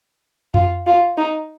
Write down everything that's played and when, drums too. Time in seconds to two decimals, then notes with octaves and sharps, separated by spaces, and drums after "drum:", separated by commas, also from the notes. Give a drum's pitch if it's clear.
0.54 F4, drum: tom F2
0.87 F4
1.17 D#4